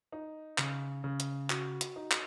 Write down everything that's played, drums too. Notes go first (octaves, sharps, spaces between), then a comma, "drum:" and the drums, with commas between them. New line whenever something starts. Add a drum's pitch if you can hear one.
D#4
C#3, drum: clap
C#3
drum: hi-hat
F#4, drum: clap
drum: hi-hat
D#4
drum: clap